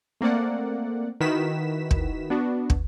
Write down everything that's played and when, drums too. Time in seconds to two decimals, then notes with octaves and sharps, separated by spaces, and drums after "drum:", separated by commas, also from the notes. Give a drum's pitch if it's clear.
0.21 A3 A#3 C4 D5 F#5
1.20 D#3 E4 F#4 B4 B6 E7
1.91 drum: kick
2.30 B3 D4 F#4
2.70 drum: kick